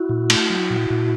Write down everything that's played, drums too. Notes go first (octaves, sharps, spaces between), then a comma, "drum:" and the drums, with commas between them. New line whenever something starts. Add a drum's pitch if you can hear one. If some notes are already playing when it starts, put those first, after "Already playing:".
Already playing: E4 F#4
A#2
A3, drum: cymbal
F#3
A#2
A#2